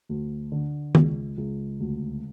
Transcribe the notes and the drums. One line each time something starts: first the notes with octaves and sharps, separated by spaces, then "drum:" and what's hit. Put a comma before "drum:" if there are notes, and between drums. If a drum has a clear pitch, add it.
D2
D3
C#2, drum: tom D#3
C#2
D2